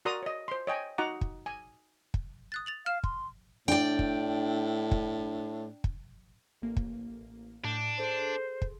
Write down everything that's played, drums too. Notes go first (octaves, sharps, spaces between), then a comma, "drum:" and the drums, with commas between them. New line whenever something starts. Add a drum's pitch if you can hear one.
F#4 A#4 D5 A#5 C6 D#6
C#5 D#5
C5 C6
C#5 D#5 G5 G#5
D#4 F#4 F#5 A#5 D6
drum: kick
G#5
drum: kick
D#6 F#6 A6
A6 F7 F#7
F5 F6 E7
C6, drum: kick
A2 D4 D5 G5
drum: kick
drum: kick
drum: kick
A1 A#3
drum: kick
A2 D4 G6
G#4 A4 C5 C6
drum: kick